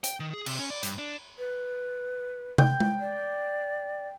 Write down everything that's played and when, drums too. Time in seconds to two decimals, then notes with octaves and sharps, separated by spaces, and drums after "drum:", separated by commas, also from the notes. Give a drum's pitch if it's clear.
0.04 G5, drum: hi-hat
0.20 D#3
0.33 G#4
0.46 C3, drum: cymbal
0.59 C#4
0.70 D5
0.83 G2, drum: hi-hat
0.99 D4
1.39 B4
2.58 G5, drum: tom
2.80 drum: tom G#3
3.00 D5